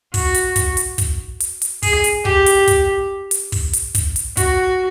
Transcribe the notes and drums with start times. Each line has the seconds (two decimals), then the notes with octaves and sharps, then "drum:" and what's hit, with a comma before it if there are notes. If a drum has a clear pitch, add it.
0.14 F#4, drum: kick, open hi-hat
0.34 drum: hi-hat
0.56 drum: kick, hi-hat
0.77 drum: hi-hat
0.98 drum: kick, hi-hat
1.40 drum: hi-hat
1.62 drum: hi-hat
1.82 G#4, drum: kick, open hi-hat
2.04 drum: hi-hat
2.25 G4, drum: kick
2.46 drum: hi-hat
2.67 drum: kick, hi-hat
3.31 drum: hi-hat
3.52 drum: kick, open hi-hat
3.73 drum: hi-hat
3.95 drum: kick, hi-hat
4.16 drum: hi-hat
4.37 F#4, drum: kick, hi-hat